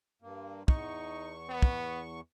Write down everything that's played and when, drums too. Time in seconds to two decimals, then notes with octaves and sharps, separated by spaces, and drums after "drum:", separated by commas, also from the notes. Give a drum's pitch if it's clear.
0.22 G2 A#3
0.68 E2 D#4 C#6, drum: kick
1.49 B3
1.62 drum: kick